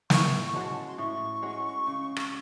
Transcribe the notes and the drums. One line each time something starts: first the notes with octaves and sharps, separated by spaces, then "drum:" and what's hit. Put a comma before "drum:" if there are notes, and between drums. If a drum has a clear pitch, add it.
A2 C#6, drum: snare
G#3 C#4 F#4 A5
A5
C6
A2 C#6
G#3 C#4 F#4
C#3
drum: rim click